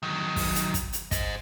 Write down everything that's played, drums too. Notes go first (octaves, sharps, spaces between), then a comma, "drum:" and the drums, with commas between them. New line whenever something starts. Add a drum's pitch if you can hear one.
D#3 F#3
drum: kick, open hi-hat
drum: hi-hat
drum: kick, hi-hat
drum: hi-hat
C5 D#5, drum: kick, hi-hat